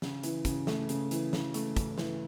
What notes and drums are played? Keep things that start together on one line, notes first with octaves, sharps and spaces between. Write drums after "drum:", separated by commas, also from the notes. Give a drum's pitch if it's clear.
C#3, drum: snare
E3, drum: hi-hat
C#3, drum: kick, hi-hat
A3, drum: snare
C#3, drum: hi-hat
E3, drum: hi-hat
C#3, drum: snare
A3, drum: hi-hat
C#3, drum: kick, hi-hat
E3, drum: snare